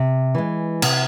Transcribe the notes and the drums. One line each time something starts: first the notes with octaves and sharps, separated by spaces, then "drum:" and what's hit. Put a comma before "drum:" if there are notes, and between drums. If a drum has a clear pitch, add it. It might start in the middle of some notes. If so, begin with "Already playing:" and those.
Already playing: C3
E3 G#3
C3, drum: cymbal